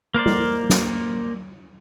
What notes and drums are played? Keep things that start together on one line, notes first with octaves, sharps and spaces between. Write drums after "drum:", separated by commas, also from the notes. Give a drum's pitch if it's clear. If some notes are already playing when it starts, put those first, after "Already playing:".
A#3 A#4 C5 D5
drum: tom
drum: snare